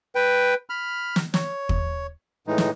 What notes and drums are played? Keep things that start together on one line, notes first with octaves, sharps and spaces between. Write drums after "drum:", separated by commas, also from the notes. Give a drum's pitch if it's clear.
B4 G5
B5 F6
drum: snare
C#5, drum: snare
drum: kick
A2 E3 G#3 D#4
drum: snare